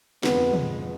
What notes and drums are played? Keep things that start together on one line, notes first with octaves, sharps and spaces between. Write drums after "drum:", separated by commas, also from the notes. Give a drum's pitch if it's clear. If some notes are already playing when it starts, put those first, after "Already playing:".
G1 F2 C3 F3 G#3 B3, drum: snare
drum: tom